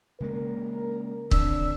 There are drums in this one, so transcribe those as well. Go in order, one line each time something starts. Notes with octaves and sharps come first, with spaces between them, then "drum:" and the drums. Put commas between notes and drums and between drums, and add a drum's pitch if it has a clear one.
C#3 G#3 A#3 A#4
D3 C4 D4 E6, drum: kick